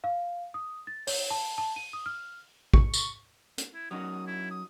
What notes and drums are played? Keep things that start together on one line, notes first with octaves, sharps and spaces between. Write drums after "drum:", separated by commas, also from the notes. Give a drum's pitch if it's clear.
F5
D#6
A6
C#5, drum: open hi-hat
A5
A5
D#7
D#6
F6
C#6, drum: kick A1
drum: tambourine
drum: hi-hat
E4
F#3 C#4 D#4 D#6
E4
D#6